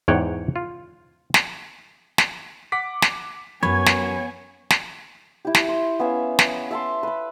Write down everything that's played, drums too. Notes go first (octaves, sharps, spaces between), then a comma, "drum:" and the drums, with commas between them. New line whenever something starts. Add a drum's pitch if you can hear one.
E2 G#2 C#5 F#5 G5
F4
drum: snare
drum: snare
F#5 D6 B6
drum: snare
F#2 B3 C#5 G#5 B5 G#6
drum: snare
drum: snare
E4 G4
drum: snare
C6
B3 C#4 E5 F5
drum: snare
E5 A5 C6
B4 B5